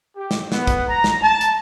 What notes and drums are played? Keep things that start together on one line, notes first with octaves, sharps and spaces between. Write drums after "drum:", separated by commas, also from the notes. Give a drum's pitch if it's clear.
G4
drum: snare
B3, drum: snare
drum: kick, hi-hat
A#5
drum: snare
A5
drum: hi-hat